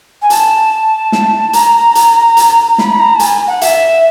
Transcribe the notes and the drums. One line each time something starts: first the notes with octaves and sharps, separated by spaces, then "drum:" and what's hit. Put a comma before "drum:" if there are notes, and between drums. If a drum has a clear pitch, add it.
G#5
A5, drum: hi-hat
drum: snare
A#5, drum: hi-hat
drum: hi-hat
drum: hi-hat
B5, drum: snare
A#5
A5
G#5, drum: hi-hat
F#5
E5, drum: hi-hat